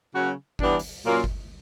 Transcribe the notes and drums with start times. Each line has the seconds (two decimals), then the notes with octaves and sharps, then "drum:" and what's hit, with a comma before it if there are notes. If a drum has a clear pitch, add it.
0.15 C#3 F#3 A#3 C#4 F#4
0.59 E3 G3 B3 D4, drum: kick G1
0.79 drum: open hi-hat
1.04 A#2 F#3 A#3 C#4 F4
1.24 drum: kick G1